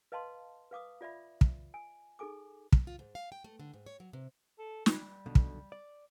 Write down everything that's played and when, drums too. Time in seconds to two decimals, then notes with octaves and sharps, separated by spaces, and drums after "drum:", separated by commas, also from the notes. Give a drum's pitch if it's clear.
0.12 B4 D#5 F5 A5 C6
0.71 B4 F5 D6 D#6
1.01 F4 D5 E5 B5
1.41 drum: kick
1.74 G#5
2.19 D#4 G#4 A4 G#5 D6
2.72 drum: kick
2.87 F4
2.99 G#2
3.15 F5
3.32 G5
3.44 A3
3.60 D3
3.74 G#2
3.86 C#5
4.00 F#3
4.13 C3
4.59 A4
4.86 G3, drum: snare
5.26 B1 B2 D3
5.35 drum: kick
5.72 D5